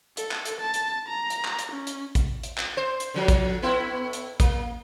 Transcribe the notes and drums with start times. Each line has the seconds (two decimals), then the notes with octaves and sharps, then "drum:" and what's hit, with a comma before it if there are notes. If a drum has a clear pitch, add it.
0.17 A4, drum: hi-hat
0.31 drum: clap
0.45 drum: hi-hat
0.61 A5
0.74 drum: hi-hat
1.08 A#5
1.30 drum: hi-hat
1.44 drum: clap
1.59 drum: hi-hat
1.72 C#4
1.87 drum: hi-hat
2.15 drum: kick A1, hi-hat
2.43 drum: hi-hat
2.58 drum: clap
2.77 C5
3.00 drum: hi-hat
3.14 D3 F3 F#3
3.28 drum: kick A1, hi-hat
3.62 A2 B3 E4
4.13 drum: hi-hat
4.40 A#3, drum: kick A1, hi-hat